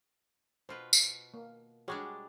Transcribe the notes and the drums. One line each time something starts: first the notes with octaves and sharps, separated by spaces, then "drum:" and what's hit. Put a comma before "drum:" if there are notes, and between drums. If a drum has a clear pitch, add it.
B2 F4 B4 C5
drum: tambourine
A#3
G3 G#3 D4 F#4 G#4 C#5